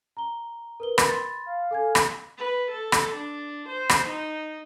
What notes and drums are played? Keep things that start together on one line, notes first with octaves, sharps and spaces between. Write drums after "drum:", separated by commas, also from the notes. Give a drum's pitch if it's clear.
A#5 G7
A#4 B4 G7
drum: rim click
B5 C6 A6
F5
A4 G#5 G#6
drum: rim click
B4
A4
drum: rim click
D4
C5
drum: rim click
D#4